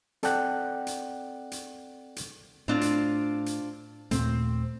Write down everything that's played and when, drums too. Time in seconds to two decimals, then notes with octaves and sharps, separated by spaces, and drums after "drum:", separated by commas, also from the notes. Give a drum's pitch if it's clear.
0.23 C4 A4 D5 F#5 G5 F#6, drum: hi-hat
0.87 drum: hi-hat
1.51 drum: hi-hat
2.16 drum: hi-hat
2.68 A2 C4 D4 F4
2.81 drum: hi-hat
3.46 drum: hi-hat
4.11 D#2 A#2 A3 C4, drum: hi-hat